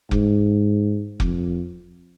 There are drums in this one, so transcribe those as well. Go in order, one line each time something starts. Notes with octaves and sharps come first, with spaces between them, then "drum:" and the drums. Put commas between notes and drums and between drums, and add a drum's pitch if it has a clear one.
G#2, drum: kick F1
F2, drum: kick F1